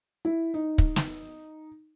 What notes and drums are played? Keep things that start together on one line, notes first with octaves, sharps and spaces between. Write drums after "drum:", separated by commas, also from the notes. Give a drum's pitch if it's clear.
E4
D#4
drum: kick
drum: snare